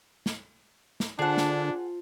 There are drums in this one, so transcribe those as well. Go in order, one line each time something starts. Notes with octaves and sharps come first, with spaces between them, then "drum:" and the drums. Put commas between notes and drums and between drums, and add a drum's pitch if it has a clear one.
drum: snare
drum: snare
D3 D4 F4 G#4 C5 F#5 A5
drum: snare